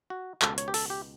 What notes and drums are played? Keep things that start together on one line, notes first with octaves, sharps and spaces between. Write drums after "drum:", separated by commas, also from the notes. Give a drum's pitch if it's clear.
F#4
C#2 B2 A4, drum: clap
C#5, drum: hi-hat
G4
A4, drum: open hi-hat
G4